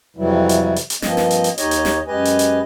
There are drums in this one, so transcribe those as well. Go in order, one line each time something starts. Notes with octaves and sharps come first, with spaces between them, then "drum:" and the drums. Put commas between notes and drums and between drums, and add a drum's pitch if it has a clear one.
F2 C3 E3 F#3 G3 E4
drum: hi-hat
drum: hi-hat
drum: hi-hat
G2 F3 A#3 C4 D#5, drum: snare
drum: snare
drum: hi-hat
drum: hi-hat
D#2 D#4 G4 C#5 D#5, drum: hi-hat
drum: hi-hat
drum: snare
F#2 G#3 G4 B4 D#5 G#5
drum: hi-hat
drum: hi-hat